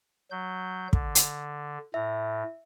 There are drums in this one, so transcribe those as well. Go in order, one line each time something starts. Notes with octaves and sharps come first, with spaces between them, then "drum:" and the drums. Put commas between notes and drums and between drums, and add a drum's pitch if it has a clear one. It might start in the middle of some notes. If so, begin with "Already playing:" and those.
F#3 G6
D3, drum: kick
drum: hi-hat
A2 E5